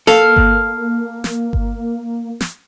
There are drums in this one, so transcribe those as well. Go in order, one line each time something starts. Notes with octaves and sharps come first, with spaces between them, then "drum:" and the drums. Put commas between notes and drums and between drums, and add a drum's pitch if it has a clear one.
A#3 A4 F5, drum: snare
drum: kick G1
drum: snare
drum: kick G1
drum: snare